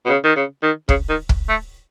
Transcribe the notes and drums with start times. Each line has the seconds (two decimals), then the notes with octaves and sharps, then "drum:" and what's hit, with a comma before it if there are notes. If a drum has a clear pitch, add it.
0.05 B2
0.09 C#3
0.24 D#3
0.36 C#3
0.63 D#3
0.89 C#3, drum: kick
1.09 D#3
1.29 drum: kick
1.49 A3